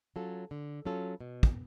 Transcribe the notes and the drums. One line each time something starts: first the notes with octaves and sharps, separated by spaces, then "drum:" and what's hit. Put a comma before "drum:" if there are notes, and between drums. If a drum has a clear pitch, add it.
F#3 C#4 F4 A4
D3
F#3 C#4 F4 A4
B2
drum: kick